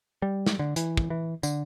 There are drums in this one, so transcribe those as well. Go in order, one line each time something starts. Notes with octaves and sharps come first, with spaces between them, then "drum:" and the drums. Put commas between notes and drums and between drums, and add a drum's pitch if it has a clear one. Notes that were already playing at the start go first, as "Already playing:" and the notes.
G3
drum: snare
D3
E3, drum: hi-hat
drum: kick
E3
D3, drum: tambourine